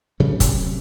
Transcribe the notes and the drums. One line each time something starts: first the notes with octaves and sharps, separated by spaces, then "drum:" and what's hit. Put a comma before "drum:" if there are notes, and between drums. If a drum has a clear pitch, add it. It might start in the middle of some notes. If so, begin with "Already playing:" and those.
C3 F#3 A3 C#4
drum: kick, hi-hat